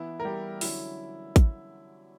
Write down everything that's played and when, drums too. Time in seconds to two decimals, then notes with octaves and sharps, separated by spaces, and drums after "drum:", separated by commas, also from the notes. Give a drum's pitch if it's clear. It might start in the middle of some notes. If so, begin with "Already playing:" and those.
Already playing: E3 B3 E4
0.20 A#4
0.25 G3 G4
0.61 D3 F#3 C#4 E4, drum: open hi-hat
1.36 drum: kick A1, hi-hat